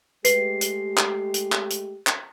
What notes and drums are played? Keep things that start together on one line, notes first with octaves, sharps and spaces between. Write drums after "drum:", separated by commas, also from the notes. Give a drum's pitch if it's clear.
G#3 A3 G4 B4 C7, drum: hi-hat
drum: hi-hat
drum: clap
drum: hi-hat
drum: clap
drum: hi-hat
drum: clap